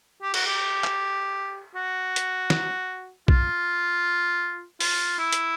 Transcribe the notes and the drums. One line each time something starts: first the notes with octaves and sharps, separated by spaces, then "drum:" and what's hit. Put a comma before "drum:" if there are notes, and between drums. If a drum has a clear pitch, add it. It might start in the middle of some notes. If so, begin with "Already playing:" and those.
G4
F#4, drum: cymbal
G4
drum: clap
F#4
drum: hi-hat
drum: snare
F4, drum: kick B1
F4, drum: open hi-hat
E4
drum: hi-hat